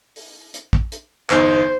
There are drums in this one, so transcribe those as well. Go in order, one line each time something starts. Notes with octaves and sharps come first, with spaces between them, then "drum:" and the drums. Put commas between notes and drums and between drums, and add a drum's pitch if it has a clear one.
drum: open hi-hat
drum: hi-hat
drum: kick
drum: hi-hat
G1 E2 D#4 C5, drum: clap